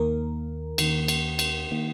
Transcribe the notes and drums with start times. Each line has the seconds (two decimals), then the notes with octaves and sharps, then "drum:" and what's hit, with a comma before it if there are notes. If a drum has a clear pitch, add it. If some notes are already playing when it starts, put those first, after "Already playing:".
Already playing: D#2 D#3 A#3 A#4
0.78 D#2 D#3 A#3, drum: cymbal
1.08 drum: cymbal
1.39 drum: cymbal
1.71 D#3 A#3